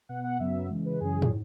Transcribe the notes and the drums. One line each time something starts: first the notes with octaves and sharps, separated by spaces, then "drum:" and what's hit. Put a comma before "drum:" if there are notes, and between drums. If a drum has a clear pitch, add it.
B2 B3 F#5
F#5
F#2 C#3 F#3 B3 E5
C#3 E3 G#3
B4
F#2 C#3 E3 C#4 G#4
drum: tom